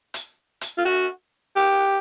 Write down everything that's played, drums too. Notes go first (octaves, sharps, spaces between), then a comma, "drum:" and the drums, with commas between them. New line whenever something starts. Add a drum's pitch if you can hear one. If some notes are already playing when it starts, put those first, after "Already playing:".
drum: hi-hat
drum: hi-hat
F4
F#4
G4